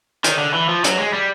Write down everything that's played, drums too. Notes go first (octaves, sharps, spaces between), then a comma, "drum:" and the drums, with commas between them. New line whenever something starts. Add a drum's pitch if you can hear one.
D#3, drum: hi-hat
D3
E3
F3
F#3, drum: hi-hat
G#3
G3